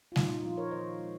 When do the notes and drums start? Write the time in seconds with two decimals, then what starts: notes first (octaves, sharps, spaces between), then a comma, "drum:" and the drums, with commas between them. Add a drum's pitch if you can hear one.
0.12 F4
0.16 A#2 D#4, drum: snare G3
0.30 D#4
0.43 F3 C4 F4
0.57 A#4 C#5
0.71 D#3 C5 D#5
1.00 G#3